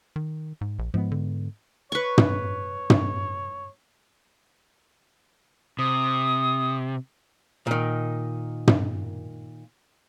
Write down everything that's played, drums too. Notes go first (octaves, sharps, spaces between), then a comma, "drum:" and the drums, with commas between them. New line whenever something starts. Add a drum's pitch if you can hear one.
D#3
G#2
A#1
G#2 F3 G#3 B3
D3
B4 C#5 C#6
drum: tom
drum: tom
C3 D#6
A#2 D#3
drum: tom